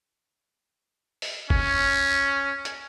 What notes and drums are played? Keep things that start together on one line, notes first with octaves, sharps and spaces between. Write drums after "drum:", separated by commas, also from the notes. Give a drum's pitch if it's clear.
drum: open hi-hat
C#4, drum: kick G1
drum: hi-hat